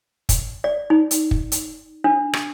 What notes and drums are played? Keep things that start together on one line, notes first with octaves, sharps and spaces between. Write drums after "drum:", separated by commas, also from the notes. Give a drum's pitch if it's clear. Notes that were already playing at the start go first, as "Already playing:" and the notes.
drum: kick, hi-hat
D5
D#4
drum: hi-hat
drum: kick
drum: hi-hat
D4
drum: rim click